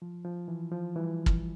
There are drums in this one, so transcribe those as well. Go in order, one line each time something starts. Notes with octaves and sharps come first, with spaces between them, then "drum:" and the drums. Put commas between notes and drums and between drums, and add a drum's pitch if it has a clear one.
F3
F3
E3
F3
E3 G3
drum: kick